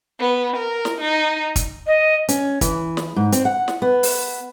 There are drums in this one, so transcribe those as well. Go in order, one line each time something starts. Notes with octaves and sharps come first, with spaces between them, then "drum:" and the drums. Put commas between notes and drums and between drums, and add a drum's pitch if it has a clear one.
B3
A#4
drum: snare
D#4
drum: kick, hi-hat
D#5
C#4, drum: hi-hat
E3, drum: kick, hi-hat
drum: snare
G#2
C4, drum: hi-hat
F#5
drum: snare
B3
drum: open hi-hat